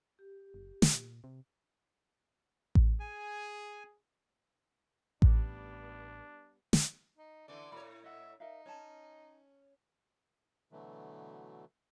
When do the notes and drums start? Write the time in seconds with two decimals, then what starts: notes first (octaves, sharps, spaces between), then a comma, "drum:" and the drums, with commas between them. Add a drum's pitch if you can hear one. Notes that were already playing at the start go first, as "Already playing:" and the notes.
0.19 G4
0.54 F#1
0.82 A#2, drum: snare
1.24 C3
2.75 drum: kick A1
3.00 G#4 G#5
5.22 A1 G3 B3 D4, drum: kick A1
6.73 drum: snare
7.18 D#4
7.48 D3 E3 A3 D5
7.72 A2 C#5 B5
8.04 D#5 E5 F#5
8.40 D#4 A#4 E5 F5
8.66 C#4 C#5 A5
10.72 B2 D3 E3 F#3 A3